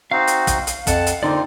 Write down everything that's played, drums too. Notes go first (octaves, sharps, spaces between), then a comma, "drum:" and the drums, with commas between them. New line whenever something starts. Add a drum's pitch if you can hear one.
C4 D#4 F#4 F5
drum: hi-hat
drum: kick, hi-hat
drum: hi-hat
F2 F#5 A5, drum: kick, hi-hat
drum: hi-hat
D3 A#3 C4 D#4 F4 D5